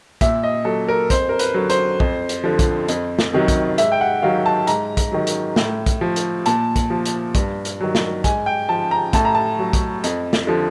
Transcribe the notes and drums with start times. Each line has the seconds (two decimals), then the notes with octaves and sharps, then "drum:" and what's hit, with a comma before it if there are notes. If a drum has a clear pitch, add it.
0.21 A#2 E5, drum: kick, hi-hat
0.43 D#5
0.65 F#3 A4
0.88 A#4
1.10 F2 C5, drum: kick, hi-hat
1.29 A#4
1.39 B4, drum: hi-hat
1.54 D3 F#3
1.70 C5, drum: hi-hat
2.00 F2, drum: kick
2.29 drum: hi-hat
2.44 D3 F3
2.59 drum: kick, hi-hat
2.88 F2, drum: hi-hat
3.19 drum: snare
3.33 C3 D#3 F#3
3.48 drum: kick, hi-hat
3.78 G#2 E5, drum: hi-hat
3.92 G5
4.01 F#5
4.22 D#3 F#3 F5
4.46 A5
4.67 G#2 A#5, drum: hi-hat
4.97 drum: kick, hi-hat
5.12 D#3 F#3
5.27 drum: hi-hat
5.56 A2, drum: snare
5.86 drum: kick, hi-hat
6.01 F3
6.16 drum: hi-hat
6.46 A#2 A5, drum: hi-hat
6.76 drum: kick, hi-hat
6.90 F3
7.06 drum: hi-hat
7.35 G2, drum: kick, hi-hat
7.65 drum: hi-hat
7.81 D#3 F#3
7.95 drum: snare
8.24 G#2 G#5, drum: kick, hi-hat
8.46 G5
8.69 F3 A5
8.91 A#5
9.13 A2 A5, drum: kick, hi-hat
9.25 A#5
9.35 A5
9.59 F#3
9.73 drum: kick, hi-hat
10.04 F2, drum: hi-hat
10.33 drum: snare
10.47 D3 F3